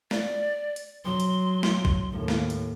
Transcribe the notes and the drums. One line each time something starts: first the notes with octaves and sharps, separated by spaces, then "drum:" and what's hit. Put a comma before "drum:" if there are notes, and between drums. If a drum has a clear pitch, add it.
D5, drum: snare
drum: hi-hat
F#3 C6
drum: hi-hat
drum: snare
drum: kick
D#2 A2
drum: snare
drum: hi-hat